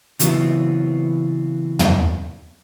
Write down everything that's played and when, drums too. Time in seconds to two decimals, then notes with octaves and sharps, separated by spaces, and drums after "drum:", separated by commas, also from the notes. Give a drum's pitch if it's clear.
0.19 C#3 E3 F#3 B3 C4 F4, drum: hi-hat
1.79 drum: tom